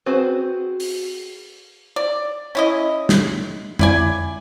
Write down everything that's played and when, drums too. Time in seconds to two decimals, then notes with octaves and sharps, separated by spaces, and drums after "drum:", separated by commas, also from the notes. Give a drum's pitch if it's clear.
0.06 C4 F#4 G#4 B4 C5
0.80 drum: open hi-hat
1.96 D5
2.55 C#4 E4 D#5
3.09 drum: snare
3.79 E4 D5 G#5, drum: tom F2